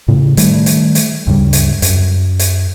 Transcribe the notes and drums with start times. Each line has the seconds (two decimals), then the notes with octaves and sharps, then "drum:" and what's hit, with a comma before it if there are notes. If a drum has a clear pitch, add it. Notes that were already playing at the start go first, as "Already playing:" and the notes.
0.08 A2 C#3
0.37 D#3 G3 A3, drum: hi-hat
0.66 drum: hi-hat
0.95 drum: hi-hat
1.27 D2 G2 C#3 G3
1.53 drum: hi-hat
1.82 F#2, drum: hi-hat
2.39 drum: hi-hat